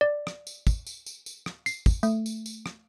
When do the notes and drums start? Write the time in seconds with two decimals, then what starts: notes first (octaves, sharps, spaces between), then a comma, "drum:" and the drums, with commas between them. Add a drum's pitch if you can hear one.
0.01 D5
0.27 drum: rim click
0.47 drum: tambourine
0.67 drum: kick, tambourine
0.87 drum: tambourine
1.06 drum: tambourine
1.26 drum: tambourine
1.46 drum: rim click
1.66 C7, drum: tambourine
1.86 drum: kick, tambourine
2.03 A3, drum: tambourine
2.26 drum: tambourine
2.46 drum: tambourine
2.66 drum: rim click